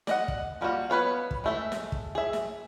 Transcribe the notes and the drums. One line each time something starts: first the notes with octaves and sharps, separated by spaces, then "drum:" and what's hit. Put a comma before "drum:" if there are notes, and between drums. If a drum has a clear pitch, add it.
D5 D#5 F#5, drum: snare
drum: kick
F3 G3 A#3 F#4
B3 B4 C#5 F5
drum: kick
G#3 A3 E5
drum: snare
drum: kick
G#4 E5
drum: snare